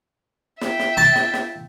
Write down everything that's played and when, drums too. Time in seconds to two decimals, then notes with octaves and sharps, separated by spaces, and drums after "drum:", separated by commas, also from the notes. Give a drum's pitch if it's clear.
0.61 E5 G5, drum: snare
0.79 drum: snare
0.97 A5
1.16 drum: snare
1.34 drum: snare